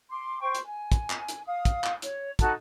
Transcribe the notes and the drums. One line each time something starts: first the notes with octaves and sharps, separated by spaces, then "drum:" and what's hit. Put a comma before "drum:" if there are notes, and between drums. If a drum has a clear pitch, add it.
C6 D6
C5 G5 C#6
drum: hi-hat
G#5
drum: kick, hi-hat
drum: clap
drum: hi-hat
F5 D#6
drum: kick, hi-hat
drum: clap
C#5, drum: hi-hat
D#4 F#4 A4 A5, drum: kick, hi-hat